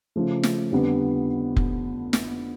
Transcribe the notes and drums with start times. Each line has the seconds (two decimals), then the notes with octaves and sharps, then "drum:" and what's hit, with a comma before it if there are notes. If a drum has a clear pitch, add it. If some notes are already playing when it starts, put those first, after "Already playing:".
0.16 C#3 F3 A3
0.43 drum: snare
0.71 F2 D3 G3 B3
1.56 drum: kick F1
2.13 drum: snare